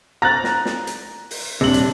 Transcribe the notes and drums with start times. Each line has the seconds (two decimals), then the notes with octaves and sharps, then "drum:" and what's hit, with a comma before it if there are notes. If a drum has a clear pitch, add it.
0.22 A#5 F#6 A6 A#6
0.44 drum: snare
0.65 drum: snare
0.87 drum: hi-hat
1.31 drum: open hi-hat
1.61 D#1 C3 D4 F#7
1.74 drum: hi-hat